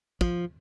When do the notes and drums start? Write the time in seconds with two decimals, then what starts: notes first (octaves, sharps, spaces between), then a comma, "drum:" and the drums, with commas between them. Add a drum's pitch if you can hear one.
0.21 F3, drum: kick